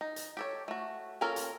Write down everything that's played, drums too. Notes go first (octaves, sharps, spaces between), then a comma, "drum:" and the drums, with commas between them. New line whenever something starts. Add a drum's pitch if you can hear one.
D#4
drum: hi-hat
G4 A4 C#5
A3 F#4
A#3 C#4 F4 A4 A#4
drum: hi-hat